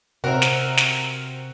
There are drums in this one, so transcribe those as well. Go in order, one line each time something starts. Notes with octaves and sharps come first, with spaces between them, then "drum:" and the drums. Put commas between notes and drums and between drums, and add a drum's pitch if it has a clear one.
C3 C4 F#4 A#4 E5
drum: snare
drum: snare